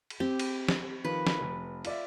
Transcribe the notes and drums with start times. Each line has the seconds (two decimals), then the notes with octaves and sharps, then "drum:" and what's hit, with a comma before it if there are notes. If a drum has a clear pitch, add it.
0.10 drum: cymbal
0.20 C4 G4
0.39 drum: cymbal
0.69 drum: snare
1.05 D#3 F3 B4
1.27 drum: snare
1.41 F1
1.85 F4 D5 E5, drum: cymbal